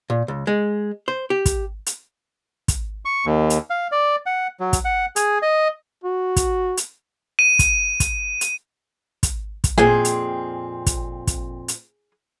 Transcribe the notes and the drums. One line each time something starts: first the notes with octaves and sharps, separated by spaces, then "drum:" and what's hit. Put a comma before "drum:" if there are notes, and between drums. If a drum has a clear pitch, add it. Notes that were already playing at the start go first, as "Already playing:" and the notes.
A#2
C#2
G#3
C5
G4
drum: kick, hi-hat
drum: hi-hat
drum: kick, hi-hat
C#6
D#2
drum: hi-hat
F5
D5
F#5
F#3
drum: kick, hi-hat
F#5
G#4, drum: hi-hat
D#5
F#4
drum: kick, hi-hat
drum: hi-hat
D#7
drum: kick, hi-hat
drum: kick, hi-hat
drum: hi-hat
drum: kick, hi-hat
drum: kick, hi-hat
F2 A#2 C4 G#4
drum: hi-hat
drum: kick, hi-hat
drum: kick, hi-hat
drum: hi-hat